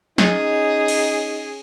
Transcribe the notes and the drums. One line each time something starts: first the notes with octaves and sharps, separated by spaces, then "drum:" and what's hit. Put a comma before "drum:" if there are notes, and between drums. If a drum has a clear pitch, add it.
C#4 D#4 G#4, drum: snare
drum: cymbal